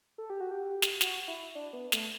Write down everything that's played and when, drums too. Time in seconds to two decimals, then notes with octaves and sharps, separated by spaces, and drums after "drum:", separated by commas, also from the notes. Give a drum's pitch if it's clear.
0.18 A4
0.30 G4
0.40 F#4
0.51 G4
0.82 drum: snare
1.01 F#4, drum: snare
1.28 E4
1.55 D4
1.73 B3
1.92 A3, drum: snare